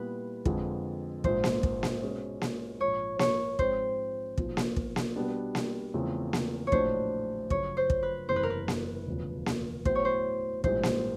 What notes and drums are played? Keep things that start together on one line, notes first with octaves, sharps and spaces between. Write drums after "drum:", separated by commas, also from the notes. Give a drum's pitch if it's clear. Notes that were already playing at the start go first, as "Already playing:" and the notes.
Already playing: A#2 G3 B3 E4 B4
F2 D3 F3 G#3, drum: kick
A#1 G#2 F3 C5, drum: kick
drum: snare A#3
drum: kick
drum: snare A#3
B2 G#3 C#4
drum: snare A#3
A#1 G#2 F3 C#5
C#5, drum: snare A#3
G#2 F3 G#3 C4 C5, drum: kick
B1 A#2 F3, drum: kick
drum: snare A#3
drum: kick
drum: snare A#3
B2 G3 B3 D4 G4
drum: snare A#3
E2 C#3 F3 A3 C4
drum: snare A#3
C#5
A#1 A2 F#3 A3 D4 C5, drum: kick
F#2 C#3 F3 C#5, drum: kick
C5
drum: kick
B4
F#1 E2 C3 E3 A3 C5
B4
A#4
B4
drum: snare A#3
E1 D2 C#3 F3
drum: snare A#3
A2 F#3 B3 E4 C5, drum: kick
C#5
C5
A#1 G#2 E3 G3 C5, drum: kick
drum: snare A#3